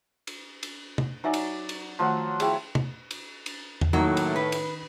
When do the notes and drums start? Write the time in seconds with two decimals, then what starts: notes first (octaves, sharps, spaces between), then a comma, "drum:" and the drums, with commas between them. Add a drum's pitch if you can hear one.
0.27 drum: cymbal
0.63 drum: cymbal
0.98 drum: tom C3
1.24 F#3 D#4 D5 E5 G#5
1.34 drum: cymbal
1.69 drum: cymbal
1.99 D#3 F3 F#3 A3 F#5
2.40 E4 G#4 C#5 G5, drum: cymbal
2.75 drum: tom C3
3.11 drum: cymbal
3.46 drum: cymbal
3.81 drum: tom E2
3.93 A2 D#3 F#3 A#3
4.17 drum: cymbal
4.36 B4
4.52 drum: cymbal